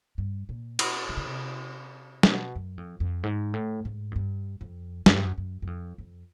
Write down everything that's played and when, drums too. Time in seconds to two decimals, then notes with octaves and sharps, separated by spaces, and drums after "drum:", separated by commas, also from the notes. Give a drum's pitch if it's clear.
0.18 G2
0.49 A#2
0.79 B2, drum: cymbal
1.09 C3
1.17 C#3
1.26 C3
2.23 A#2, drum: snare
2.32 B2
2.55 F#2
2.78 F2
3.00 F2
3.23 G#2
3.54 A2
3.85 G#2
4.11 F#2
4.16 G2
4.61 F2
5.06 F#2, drum: snare
5.16 G2
5.25 F#2
5.38 F#2
5.62 F#2
5.67 F2
5.98 F2